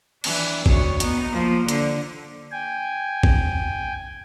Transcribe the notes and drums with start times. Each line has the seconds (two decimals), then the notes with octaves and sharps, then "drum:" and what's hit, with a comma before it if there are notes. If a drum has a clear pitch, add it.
0.24 E3 D4, drum: cymbal
0.66 D2 C#5, drum: kick
1.00 B3 D#4, drum: hi-hat
1.29 F3 A#3
1.69 D3, drum: hi-hat
2.52 G5 G#5
3.23 drum: kick